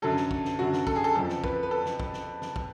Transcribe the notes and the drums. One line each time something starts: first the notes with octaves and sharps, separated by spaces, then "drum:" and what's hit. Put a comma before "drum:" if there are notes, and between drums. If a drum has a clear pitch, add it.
F#2 D3 F#3 A4
drum: snare
drum: kick
drum: snare
F#2 D3 F#3 F#4
drum: snare
A4, drum: kick
G#4
A4
F2 C#3 F3 A4
drum: snare
B4, drum: kick
B4
A4
drum: snare
drum: kick
drum: snare
drum: snare
drum: kick